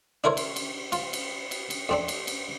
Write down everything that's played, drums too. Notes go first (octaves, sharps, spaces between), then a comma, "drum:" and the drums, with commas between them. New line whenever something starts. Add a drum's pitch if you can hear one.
D4 E4 A#4 C5 C#5
drum: cymbal
drum: cymbal
F4, drum: cymbal
drum: cymbal
drum: cymbal
drum: cymbal
F2 C4 D4
drum: cymbal
drum: cymbal